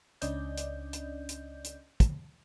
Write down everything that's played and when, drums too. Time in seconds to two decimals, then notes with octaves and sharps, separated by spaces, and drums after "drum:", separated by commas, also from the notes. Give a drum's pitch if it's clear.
0.21 C#2 C#4 D4 D5 D#5 G6, drum: hi-hat
0.57 drum: hi-hat
0.93 drum: hi-hat
1.29 drum: hi-hat
1.64 drum: hi-hat
2.00 drum: kick, hi-hat